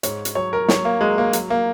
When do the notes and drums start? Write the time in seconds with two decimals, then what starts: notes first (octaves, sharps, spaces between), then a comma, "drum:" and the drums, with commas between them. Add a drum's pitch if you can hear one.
0.03 G#2 C#5, drum: hi-hat
0.25 drum: hi-hat
0.35 F#3 C#5
0.53 A#4
0.69 F#3 C#5, drum: snare
0.85 A#3
1.01 F#3 G#3
1.18 A#3
1.33 F#3, drum: hi-hat
1.50 A#3